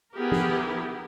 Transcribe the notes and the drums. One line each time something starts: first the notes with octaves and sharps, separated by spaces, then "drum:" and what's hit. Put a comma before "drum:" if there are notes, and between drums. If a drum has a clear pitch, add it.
B3 E4 G4 G#4 A#4
drum: tom